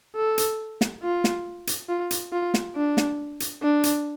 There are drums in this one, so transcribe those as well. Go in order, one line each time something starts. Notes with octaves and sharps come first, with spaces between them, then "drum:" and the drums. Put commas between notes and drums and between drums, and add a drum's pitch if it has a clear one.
A4
drum: hi-hat
drum: snare
F4
drum: snare
drum: hi-hat
F4
drum: hi-hat
F4
drum: snare
D4
drum: snare
drum: hi-hat
D4
drum: hi-hat